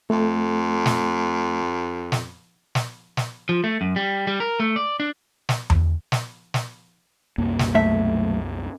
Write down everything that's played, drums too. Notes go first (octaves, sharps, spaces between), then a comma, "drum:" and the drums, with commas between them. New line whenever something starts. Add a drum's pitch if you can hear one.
F2 A3
drum: snare
drum: snare
drum: snare
drum: snare
F3
A3
F#2
G3
G3
A#4
A3
D5
D4
drum: snare
drum: tom E2
drum: snare
drum: snare
C2 F#2 A#3
drum: snare
B1 A3 E5